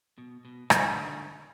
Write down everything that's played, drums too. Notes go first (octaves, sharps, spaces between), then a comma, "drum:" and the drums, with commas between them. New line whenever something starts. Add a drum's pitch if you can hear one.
B2
B2
D3, drum: rim click